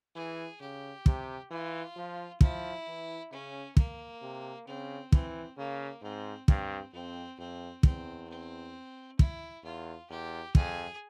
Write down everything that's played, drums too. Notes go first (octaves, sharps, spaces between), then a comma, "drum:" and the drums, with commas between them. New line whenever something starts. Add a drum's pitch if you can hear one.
E3 G#4
C#3 G4
C3, drum: kick
E3 F4
F3
F3 E4, drum: kick
E3
C#3 C#4
A#3, drum: kick
C3
C#3 C4
E3 C4, drum: kick
C#3 A#3
G#2 C4
G2 C4, drum: kick
F2 C4
F2 C4
E2 C4, drum: kick
C4
E4, drum: kick
E2 F4
E2 G4
F2 G#4, drum: kick